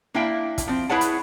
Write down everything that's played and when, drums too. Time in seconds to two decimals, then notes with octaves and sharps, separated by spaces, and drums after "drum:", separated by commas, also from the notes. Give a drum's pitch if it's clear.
0.14 A#3 D4 E4 F5 G5
0.58 drum: kick, hi-hat
0.67 F3 C4
0.89 E4 G#4 B4 C#5 F#5 A5
1.01 drum: hi-hat